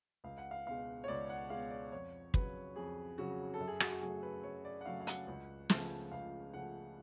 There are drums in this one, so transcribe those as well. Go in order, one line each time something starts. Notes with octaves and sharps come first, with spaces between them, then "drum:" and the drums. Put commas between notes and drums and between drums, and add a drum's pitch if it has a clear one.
C#2 F5
F#5
F5
B2 G#3 F5
C#5
C#2 D5
F#5
B2 G#3 F5
D5
F2 C#5
C#3 F#3 B4, drum: kick
F2 G#4
C#3 F#3 F#4
A4
F#2
G#4
F#4, drum: rim click
F#4
C#3 F#3 A3 G#4
B4
F#2 C#5
D5
F#5
C#3 F#3 A3 F5
F5
F#5, drum: hi-hat
C#2
C#3 F3 A3, drum: snare
C#2 F5
C#3 F3 A3 F#5